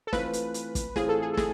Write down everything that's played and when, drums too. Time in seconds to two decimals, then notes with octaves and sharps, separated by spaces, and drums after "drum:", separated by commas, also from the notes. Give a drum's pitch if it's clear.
0.07 A4
0.13 E3 A3 C4 F4 B4, drum: snare
0.33 drum: hi-hat
0.54 drum: hi-hat
0.75 drum: kick, hi-hat
0.96 A2 E3 A3 C4 F4 G#4, drum: snare
1.09 A4
1.22 G#4
1.33 A4
1.37 G#4, drum: snare